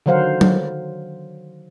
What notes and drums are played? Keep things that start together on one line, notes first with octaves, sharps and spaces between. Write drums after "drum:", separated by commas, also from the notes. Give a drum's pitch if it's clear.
D3 D#3 F#3 C5 F5 F#5
drum: tom F#3